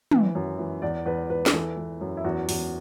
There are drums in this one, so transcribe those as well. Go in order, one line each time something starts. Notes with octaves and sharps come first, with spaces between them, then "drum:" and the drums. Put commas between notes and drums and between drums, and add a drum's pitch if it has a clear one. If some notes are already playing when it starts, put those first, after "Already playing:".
E3, drum: tom
F#2
E3
E2 D5
E2 B4
E2 B4
B4, drum: snare
E3 A4
E3
F#2
E4
E2 F#4
E2, drum: open hi-hat